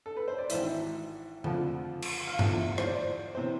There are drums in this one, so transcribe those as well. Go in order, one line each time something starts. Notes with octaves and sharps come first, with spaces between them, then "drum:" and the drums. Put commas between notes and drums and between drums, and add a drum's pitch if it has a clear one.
A4
B4
C5
D5
G#1 G#2 E3 E5, drum: hi-hat
F2 D3 F3, drum: tom C#3
drum: cymbal
F5
E2 D3 F3 E5, drum: tom G2
C5, drum: rim click
D5
C3 E3 C5